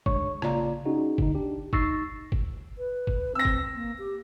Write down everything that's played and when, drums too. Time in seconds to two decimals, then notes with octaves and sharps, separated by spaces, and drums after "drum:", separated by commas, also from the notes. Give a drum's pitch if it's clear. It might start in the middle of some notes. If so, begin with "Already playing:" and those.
0.06 G1 G#3 D4 C#5 C#6, drum: kick F#1
0.42 A1 C#3 A#3 F4 D5 A#5, drum: rim click
0.85 C#4 D#4 F#4 G#4
1.18 D3 D#4, drum: kick F#1
1.35 D4 G4
1.73 D#4 C#6 E6 A6 A#6 C7, drum: kick F#1
2.32 drum: kick F#1
2.78 B4
3.07 drum: kick F#1
3.35 C4 E6 A#6
3.45 drum: kick F#1
3.75 A#3
3.98 G4